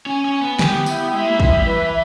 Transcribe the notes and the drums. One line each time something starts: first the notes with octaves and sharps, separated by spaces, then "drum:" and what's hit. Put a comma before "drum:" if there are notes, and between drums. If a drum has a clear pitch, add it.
C#4 G#5
C#4
G#5
B3
G4, drum: snare
E4, drum: tambourine
G#3 E5
A#3
G#3 E5, drum: kick
G3
E3 B4